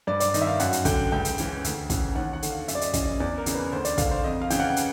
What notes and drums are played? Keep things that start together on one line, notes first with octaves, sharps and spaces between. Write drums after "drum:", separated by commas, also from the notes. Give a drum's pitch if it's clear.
G2 D5
D5, drum: hi-hat
D#3 D#5, drum: hi-hat
E5
F5
F#2 F#5, drum: hi-hat
drum: hi-hat
D3 G5, drum: kick, hi-hat
C#2 G5
drum: hi-hat
C#3 E3, drum: hi-hat
D2, drum: hi-hat
C#3 E3, drum: kick, hi-hat
D#2 F#5
F#5
D3, drum: hi-hat
F5
F#2 E5, drum: hi-hat
D5
D#5, drum: hi-hat
C#3 E3 D#5, drum: kick, hi-hat
D#5
E2 D5
A#4
C#3 E3, drum: hi-hat
B4
D2 C5
D5, drum: hi-hat
D3 F5, drum: kick, hi-hat
C5
F2 D#5
F5
C#3 E3 G5, drum: hi-hat
F#5
drum: hi-hat